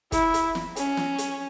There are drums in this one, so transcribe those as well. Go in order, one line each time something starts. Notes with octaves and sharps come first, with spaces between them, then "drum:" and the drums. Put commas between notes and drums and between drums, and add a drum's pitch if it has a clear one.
E4, drum: kick, hi-hat
drum: hi-hat
drum: snare
C#4, drum: hi-hat
drum: snare
drum: hi-hat